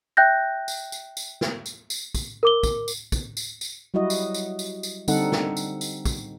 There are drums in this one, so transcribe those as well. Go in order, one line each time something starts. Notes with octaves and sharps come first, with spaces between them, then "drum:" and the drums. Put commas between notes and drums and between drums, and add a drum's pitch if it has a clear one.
E5 G5 F#6 G6 A#6
drum: tambourine
drum: tambourine
drum: tambourine
drum: snare
drum: tambourine
drum: tambourine
drum: kick, tambourine
A#4 D6 G7
drum: kick, tambourine
drum: tambourine
drum: kick, tambourine
drum: tambourine
drum: tambourine
F#3 G3 E4 F#4 D#5
drum: tambourine
drum: tambourine
drum: tambourine
drum: tambourine
D3 G3 C4 D#4 A4 F#5, drum: tambourine
drum: snare
drum: tambourine
drum: tambourine
drum: kick, tambourine